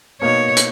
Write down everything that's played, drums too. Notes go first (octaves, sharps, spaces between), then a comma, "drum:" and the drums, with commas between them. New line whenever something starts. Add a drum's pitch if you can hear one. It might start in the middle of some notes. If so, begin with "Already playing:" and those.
B2 A#3 D#4 C#5
drum: hi-hat